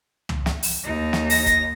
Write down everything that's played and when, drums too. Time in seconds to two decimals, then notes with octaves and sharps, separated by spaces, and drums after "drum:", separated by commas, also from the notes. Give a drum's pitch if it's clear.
0.29 drum: tom
0.46 drum: snare
0.63 drum: open hi-hat
0.84 D#2 D#4
1.13 drum: snare
1.30 A#6, drum: open hi-hat
1.46 drum: kick, hi-hat